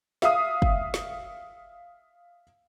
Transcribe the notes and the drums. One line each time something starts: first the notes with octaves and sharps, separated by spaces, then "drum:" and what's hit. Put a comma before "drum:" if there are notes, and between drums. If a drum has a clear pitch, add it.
E5 F5 D#6, drum: snare
drum: kick
drum: snare